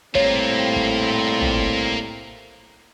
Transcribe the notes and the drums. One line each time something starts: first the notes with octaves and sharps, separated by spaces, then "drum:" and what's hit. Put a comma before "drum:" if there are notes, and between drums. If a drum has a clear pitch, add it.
A2 G3 A#3 C4 F4 C#5, drum: kick
drum: kick
drum: tom A1